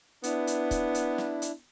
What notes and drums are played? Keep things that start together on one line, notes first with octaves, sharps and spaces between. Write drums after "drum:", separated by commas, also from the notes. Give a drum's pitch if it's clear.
B3 D4 E4, drum: hi-hat
drum: hi-hat
drum: kick, hi-hat
drum: hi-hat
drum: snare
drum: hi-hat